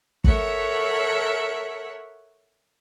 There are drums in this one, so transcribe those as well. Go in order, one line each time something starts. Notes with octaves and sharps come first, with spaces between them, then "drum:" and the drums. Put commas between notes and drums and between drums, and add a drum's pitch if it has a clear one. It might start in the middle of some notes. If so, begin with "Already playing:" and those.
A4 A#4 C#5 E5 F#5, drum: kick